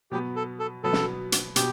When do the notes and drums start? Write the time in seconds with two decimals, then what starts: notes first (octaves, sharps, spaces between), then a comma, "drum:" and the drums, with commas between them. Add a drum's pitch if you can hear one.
0.11 B2 F#3 B3 G4
0.36 A4
0.60 A4
0.84 B2 F#3 B3 A4
0.93 drum: snare
1.32 drum: hi-hat
1.56 B2 G4, drum: hi-hat